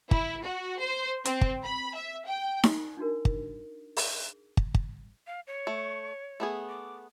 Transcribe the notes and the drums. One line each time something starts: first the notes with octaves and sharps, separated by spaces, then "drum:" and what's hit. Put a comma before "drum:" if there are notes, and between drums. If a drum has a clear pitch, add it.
E4, drum: kick
F#4
C5
C4, drum: hi-hat
drum: kick
B5
E5
G5
drum: snare D#4
D4 D#4 F#4 A#4
drum: kick
G#4, drum: open hi-hat
drum: kick
drum: kick
F5
C#5
A3
A3 B3 G#4
D6